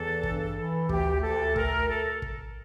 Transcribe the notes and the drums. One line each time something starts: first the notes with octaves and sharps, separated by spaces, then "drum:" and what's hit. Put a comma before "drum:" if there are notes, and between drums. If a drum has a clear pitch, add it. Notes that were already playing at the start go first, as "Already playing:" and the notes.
Already playing: E2 E3 A4
G2, drum: kick
E3
D2 G4, drum: kick
D2 A4
D2 A#4, drum: kick
A4
drum: kick